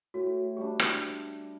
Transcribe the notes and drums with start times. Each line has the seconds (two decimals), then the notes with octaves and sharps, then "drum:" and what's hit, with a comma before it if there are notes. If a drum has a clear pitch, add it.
0.14 A2 F#4
0.57 G3 D4 G4
0.80 drum: rim click